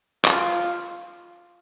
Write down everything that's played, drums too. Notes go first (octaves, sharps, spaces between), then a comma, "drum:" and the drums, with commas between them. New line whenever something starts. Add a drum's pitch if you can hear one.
F4, drum: clap